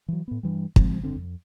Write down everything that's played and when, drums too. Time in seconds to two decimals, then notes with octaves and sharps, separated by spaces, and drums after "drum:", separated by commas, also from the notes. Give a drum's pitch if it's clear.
0.08 E3 F#3
0.28 A2 B3
0.43 G2 E3 G3
0.76 F3 G#3 C4, drum: kick
1.03 F#1 D3 C4
1.16 F2